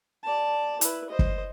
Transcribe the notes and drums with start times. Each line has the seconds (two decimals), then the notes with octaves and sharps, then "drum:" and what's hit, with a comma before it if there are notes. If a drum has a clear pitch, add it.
0.24 D5 A5
0.81 E4 B4, drum: hi-hat
1.10 C5 D#5
1.19 drum: kick